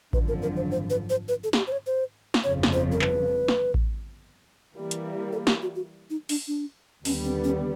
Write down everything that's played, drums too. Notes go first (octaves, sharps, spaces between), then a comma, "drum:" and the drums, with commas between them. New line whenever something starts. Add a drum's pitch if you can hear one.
G#1 F#2 D3 F3 B4, drum: kick A1
A#4
A#4
C5
C5
B4
C5
B4
A4
G#4, drum: snare
G4
C5
C#5
C5
drum: snare
G1 F2 C#3 F3 C#5
drum: snare
C5
A#4
B4, drum: clap
drum: snare
drum: kick A1
E3 G3 A#3
drum: hi-hat
A4
G4, drum: snare
F#4
F#4
D#4
D4, drum: open hi-hat
D4
D#2 D3 G3 B3 C#4, drum: open hi-hat
C4
C#4